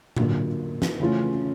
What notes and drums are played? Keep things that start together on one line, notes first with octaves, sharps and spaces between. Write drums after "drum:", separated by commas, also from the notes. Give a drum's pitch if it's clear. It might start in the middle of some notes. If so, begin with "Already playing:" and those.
D3 F#3 A#3 D4 F4, drum: tom A2
drum: snare
C#3 E3 A3 C#4 F4